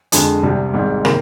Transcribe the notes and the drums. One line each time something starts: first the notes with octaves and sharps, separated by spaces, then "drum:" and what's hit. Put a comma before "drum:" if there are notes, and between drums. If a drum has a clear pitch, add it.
F2 D3 G#3, drum: hi-hat
C2 C3 G3
G#1 G#2 D#3 G3
C3 D#3 A#3, drum: rim click